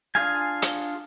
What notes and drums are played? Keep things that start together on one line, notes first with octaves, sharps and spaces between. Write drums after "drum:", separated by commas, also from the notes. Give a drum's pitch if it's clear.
D4 F4 G#4 F5 G#5
drum: hi-hat